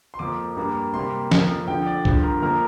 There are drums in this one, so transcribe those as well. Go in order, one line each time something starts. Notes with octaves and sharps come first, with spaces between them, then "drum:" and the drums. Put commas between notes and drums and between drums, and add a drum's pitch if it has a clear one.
C6
F2 F3 A#3 D6
G2 G3 A#3
C3 G3 A#3 C6
F2 F3 A#3, drum: snare
F2 D3 F3 G5
D5
G2 D3 F3 C5, drum: kick
A#4
F2 F3 A#3 A#4